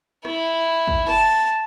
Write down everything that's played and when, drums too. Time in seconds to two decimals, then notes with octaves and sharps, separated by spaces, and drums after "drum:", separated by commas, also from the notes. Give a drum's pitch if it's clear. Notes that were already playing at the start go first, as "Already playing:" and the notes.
0.25 E4, drum: rim click
0.87 drum: kick
1.08 A5, drum: rim click